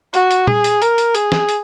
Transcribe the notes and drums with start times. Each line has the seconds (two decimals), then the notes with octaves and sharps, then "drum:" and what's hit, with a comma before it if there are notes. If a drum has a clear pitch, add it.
0.14 F#4, drum: hi-hat
0.31 drum: hi-hat
0.47 G#4, drum: tom A#2
0.64 drum: hi-hat
0.82 A#4, drum: hi-hat
0.98 drum: hi-hat
1.15 G#4, drum: hi-hat
1.32 drum: snare
1.49 drum: hi-hat